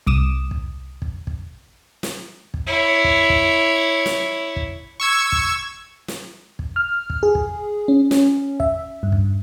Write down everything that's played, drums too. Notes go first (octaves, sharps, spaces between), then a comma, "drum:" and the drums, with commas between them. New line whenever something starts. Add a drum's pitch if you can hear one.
C2 D6 D#6 E7
drum: kick
drum: kick
drum: kick
drum: snare
drum: kick
E4 C#5
drum: kick
drum: kick
drum: snare
drum: kick
C#6 E6 G#6
drum: kick
drum: snare
drum: kick
F6
drum: kick
G#4
drum: kick
C#4
C#4, drum: snare
E5, drum: kick
G2
drum: kick